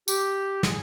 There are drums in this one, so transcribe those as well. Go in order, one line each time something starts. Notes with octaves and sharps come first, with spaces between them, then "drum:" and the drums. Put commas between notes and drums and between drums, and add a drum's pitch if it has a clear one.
G4, drum: tambourine
G#4, drum: snare